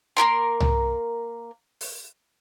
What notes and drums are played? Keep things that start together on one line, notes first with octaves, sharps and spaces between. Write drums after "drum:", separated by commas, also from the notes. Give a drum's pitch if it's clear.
A#3 G4 A#4 C6
drum: tom C2
drum: open hi-hat